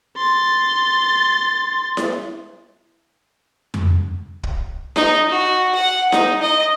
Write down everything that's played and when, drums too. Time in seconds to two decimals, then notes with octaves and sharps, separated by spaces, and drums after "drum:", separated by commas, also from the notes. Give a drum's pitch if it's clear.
0.16 C6 A6
1.97 drum: snare E4
3.74 drum: tom F2
4.43 drum: kick
4.96 D#4, drum: snare E4
5.29 F#4
5.74 F#5
6.12 D#4, drum: snare E4
6.41 D#5